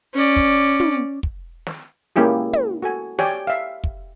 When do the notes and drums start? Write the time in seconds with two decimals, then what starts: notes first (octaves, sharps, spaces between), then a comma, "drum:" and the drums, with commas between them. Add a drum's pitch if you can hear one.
0.15 C#4 D5
0.36 drum: kick
0.80 drum: tom
1.23 drum: kick
1.67 drum: snare
2.16 G#3 A#3 C#4 E4 G4 G#4
2.53 drum: tom
2.82 F#4 A4 G#5
3.19 G4 C#5 D5 G5 G#5, drum: snare
3.47 E5 F5
3.84 drum: kick